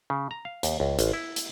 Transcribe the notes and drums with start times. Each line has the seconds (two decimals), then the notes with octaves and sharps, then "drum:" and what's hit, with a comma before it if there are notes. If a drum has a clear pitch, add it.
0.10 C#3
0.31 A#5
0.45 F5
0.63 D#2, drum: hi-hat
0.80 C#2
0.99 A1, drum: hi-hat
1.13 E4
1.36 drum: hi-hat